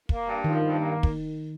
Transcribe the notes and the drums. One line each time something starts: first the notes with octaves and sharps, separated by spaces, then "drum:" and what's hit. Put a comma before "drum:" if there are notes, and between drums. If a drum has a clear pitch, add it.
A#3, drum: kick
G2
D#3 F3
G2
A#3
drum: kick